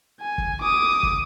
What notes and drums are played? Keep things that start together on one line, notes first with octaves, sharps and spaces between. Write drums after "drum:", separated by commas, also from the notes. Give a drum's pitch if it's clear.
G#5
drum: kick
D6 D#6
drum: kick